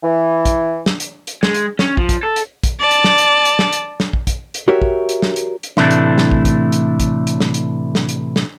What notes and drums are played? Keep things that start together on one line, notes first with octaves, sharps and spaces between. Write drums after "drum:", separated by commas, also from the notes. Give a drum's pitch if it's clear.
E3
drum: kick, hi-hat
drum: snare
drum: hi-hat
drum: hi-hat
G#3, drum: snare
drum: hi-hat
C#4, drum: snare
F3, drum: kick
drum: kick, hi-hat
A4
drum: hi-hat
drum: kick, hi-hat
D5 A5
drum: hi-hat
drum: snare
drum: hi-hat
drum: hi-hat
drum: snare
drum: hi-hat
drum: snare
drum: kick
drum: kick, hi-hat
drum: hi-hat
F#4 G4 A#4 C#5 E5
drum: kick
drum: hi-hat
drum: snare
drum: hi-hat
drum: hi-hat
A2 C3 E3 A3 D4 E4, drum: snare
drum: hi-hat
drum: snare
drum: kick
drum: kick, hi-hat
drum: hi-hat
drum: kick, hi-hat
drum: hi-hat
drum: snare
drum: hi-hat
drum: snare
drum: hi-hat
drum: snare